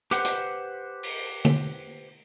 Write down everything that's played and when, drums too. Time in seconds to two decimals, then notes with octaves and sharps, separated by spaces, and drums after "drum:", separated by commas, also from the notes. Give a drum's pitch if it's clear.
0.11 G4 B4 C5 F#5, drum: hi-hat
0.25 drum: hi-hat
1.03 drum: open hi-hat
1.45 drum: tom